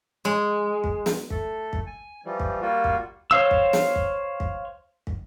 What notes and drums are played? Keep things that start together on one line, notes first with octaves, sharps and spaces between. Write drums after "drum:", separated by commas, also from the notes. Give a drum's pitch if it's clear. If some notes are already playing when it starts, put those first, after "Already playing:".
G#3
drum: kick
drum: snare
A3 A4, drum: kick
drum: kick
G#5
E3 F3 G3
drum: kick
G3 A#3 F4 F#4
drum: kick
C5 C#5 F5 E6
drum: kick
drum: snare
drum: kick
drum: kick
drum: kick